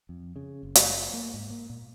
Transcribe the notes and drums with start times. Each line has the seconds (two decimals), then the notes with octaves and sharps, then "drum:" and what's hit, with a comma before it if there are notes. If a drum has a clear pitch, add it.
0.09 F2
0.36 C#3
0.63 F#1
0.75 drum: hi-hat
1.13 A#3
1.34 G#2
1.50 A#3
1.70 A#2